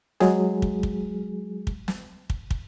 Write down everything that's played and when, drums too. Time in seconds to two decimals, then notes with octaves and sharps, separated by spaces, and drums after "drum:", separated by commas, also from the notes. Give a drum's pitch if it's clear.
0.20 F#3 G#3 G#4, drum: snare
0.62 drum: kick
0.83 drum: kick
1.67 drum: kick
1.88 drum: snare
2.30 drum: kick
2.51 drum: kick